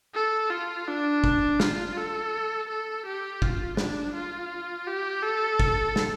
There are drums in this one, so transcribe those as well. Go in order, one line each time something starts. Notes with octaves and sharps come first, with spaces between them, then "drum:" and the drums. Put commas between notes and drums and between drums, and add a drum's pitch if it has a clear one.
A4
F4
D4
drum: kick
F4, drum: snare
A4
A4
G4
F4, drum: kick
D4, drum: snare
F4
G4
A4
drum: kick
drum: snare